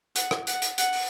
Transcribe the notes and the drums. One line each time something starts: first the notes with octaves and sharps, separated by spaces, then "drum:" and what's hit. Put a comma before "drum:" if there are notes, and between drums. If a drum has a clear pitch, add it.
F#5, drum: hi-hat
drum: rim click
F#5, drum: hi-hat
drum: hi-hat
F#5, drum: hi-hat
drum: open hi-hat